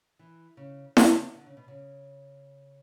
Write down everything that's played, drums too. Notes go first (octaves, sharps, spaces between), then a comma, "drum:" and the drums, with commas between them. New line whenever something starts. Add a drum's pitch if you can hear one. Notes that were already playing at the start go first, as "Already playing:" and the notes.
E3
C#3
C#3, drum: snare E4
D3
C#3
B2
C#3